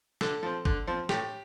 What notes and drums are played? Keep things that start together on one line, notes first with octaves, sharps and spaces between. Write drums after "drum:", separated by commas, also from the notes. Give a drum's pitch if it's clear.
D3 A4, drum: snare
F3 C4
D3, drum: kick
F3 C4
A2 G4, drum: snare